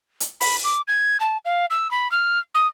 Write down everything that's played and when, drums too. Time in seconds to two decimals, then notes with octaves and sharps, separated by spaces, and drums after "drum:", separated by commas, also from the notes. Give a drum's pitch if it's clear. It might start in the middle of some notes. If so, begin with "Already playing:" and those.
0.20 drum: hi-hat
0.41 B5, drum: open hi-hat
0.64 D6
0.88 G#6
1.20 A5
1.45 F5
1.71 E6
1.91 B5
2.12 F6
2.55 D#6